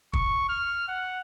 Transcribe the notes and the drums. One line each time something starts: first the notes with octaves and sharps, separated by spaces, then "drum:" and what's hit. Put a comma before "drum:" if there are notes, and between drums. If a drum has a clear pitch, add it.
C#6, drum: kick
F6
F#5